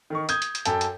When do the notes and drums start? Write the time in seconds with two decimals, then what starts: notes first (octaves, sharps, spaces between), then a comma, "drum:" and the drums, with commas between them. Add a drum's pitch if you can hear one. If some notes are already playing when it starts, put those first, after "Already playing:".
0.10 D#3 A#4 C#6
0.29 D#6 G6 G#6, drum: hi-hat
0.42 drum: hi-hat
0.55 drum: hi-hat
0.65 F#2 A4 G5, drum: hi-hat
0.81 drum: hi-hat